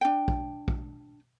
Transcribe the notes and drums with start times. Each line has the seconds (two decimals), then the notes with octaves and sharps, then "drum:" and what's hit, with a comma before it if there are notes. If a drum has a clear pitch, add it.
0.01 D4 G5
0.28 drum: kick
0.68 drum: kick